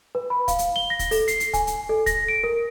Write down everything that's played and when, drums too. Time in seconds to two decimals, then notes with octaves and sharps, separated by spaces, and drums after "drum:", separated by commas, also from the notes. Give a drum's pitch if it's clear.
0.15 B4
0.30 B5
0.48 F5, drum: kick, hi-hat
0.59 drum: hi-hat
0.76 G7
0.90 A#6
0.99 drum: kick, hi-hat
1.11 A4, drum: open hi-hat
1.28 C7, drum: hi-hat
1.40 drum: hi-hat
1.54 G#5, drum: kick, hi-hat
1.67 drum: hi-hat
1.89 A4
2.06 A#6, drum: kick, hi-hat
2.28 D7
2.44 A#4